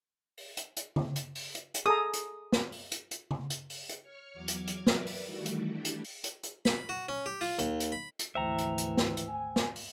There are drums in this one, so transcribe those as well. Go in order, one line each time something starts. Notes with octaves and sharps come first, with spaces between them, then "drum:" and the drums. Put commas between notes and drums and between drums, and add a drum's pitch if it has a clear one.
drum: open hi-hat
drum: hi-hat
drum: hi-hat
drum: tom C#3
drum: hi-hat
drum: open hi-hat
drum: hi-hat
drum: hi-hat
G#4 A4 A#5 D#6
drum: hi-hat
drum: snare
drum: open hi-hat
drum: hi-hat
drum: hi-hat
drum: tom C#3
drum: hi-hat
drum: open hi-hat
drum: hi-hat
C#5 C#6 F6
E2 F#3 D6 F6 G#6
drum: hi-hat
drum: hi-hat
A#4 B4 D5 E5 D6, drum: snare
drum: open hi-hat
D#3 E3 G3 A3 F#4
drum: hi-hat
A3 D4 E4 G4
drum: hi-hat
drum: open hi-hat
drum: hi-hat
drum: hi-hat
B5, drum: snare
F#4
C#4
G4
F4, drum: open hi-hat
D#2, drum: hi-hat
drum: hi-hat
B5
drum: hi-hat
G#1 D2 E3 C5 E5 G5 A#5
drum: hi-hat
drum: hi-hat
drum: snare
drum: hi-hat
G#5
drum: snare
drum: open hi-hat